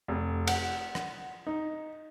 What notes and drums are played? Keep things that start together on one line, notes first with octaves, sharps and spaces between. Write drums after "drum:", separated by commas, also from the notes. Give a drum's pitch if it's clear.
F1
F#5, drum: cymbal
drum: rim click
D#4